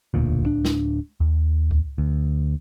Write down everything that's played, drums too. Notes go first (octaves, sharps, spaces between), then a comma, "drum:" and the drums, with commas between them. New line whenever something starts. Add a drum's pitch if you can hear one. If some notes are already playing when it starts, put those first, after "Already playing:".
E1 D2 A#2
D1 D4, drum: kick C#2
drum: snare
D#2
drum: kick C#2
D2